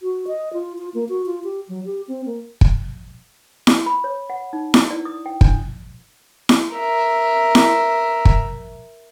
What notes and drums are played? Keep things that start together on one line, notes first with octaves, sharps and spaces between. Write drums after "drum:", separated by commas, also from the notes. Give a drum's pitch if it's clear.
F#4
D#5
F4
F4
A#3
F#4
F4
G4
F#3
G4
C4
A#3
drum: kick
drum: snare E4
B5
C#5
F#5
D#4
E4, drum: snare E4
D5
D#6
G5
D4, drum: kick
drum: snare E4
A#4 E5
drum: snare E4
drum: kick